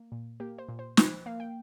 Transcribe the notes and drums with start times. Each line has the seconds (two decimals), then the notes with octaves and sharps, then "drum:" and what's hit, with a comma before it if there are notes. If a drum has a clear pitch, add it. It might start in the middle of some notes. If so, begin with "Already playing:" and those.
Already playing: A#3
0.12 A#2
0.40 A#3 G4
0.59 C5
0.69 A#2
0.79 C5
0.97 F3 C5, drum: snare
1.26 A#3 F5
1.40 G5